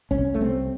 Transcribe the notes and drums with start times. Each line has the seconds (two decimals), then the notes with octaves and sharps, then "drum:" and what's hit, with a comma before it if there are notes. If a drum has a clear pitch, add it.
0.11 C2 C#4, drum: kick F#1
0.34 A3
0.41 C3 C4